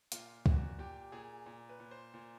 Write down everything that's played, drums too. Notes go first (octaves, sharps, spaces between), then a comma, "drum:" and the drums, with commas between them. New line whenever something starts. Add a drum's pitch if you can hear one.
A#2 F4, drum: hi-hat
A#2 F#4, drum: kick
A#2 G4
A#2 G#4
A#2
B4
A#2
C5
A#2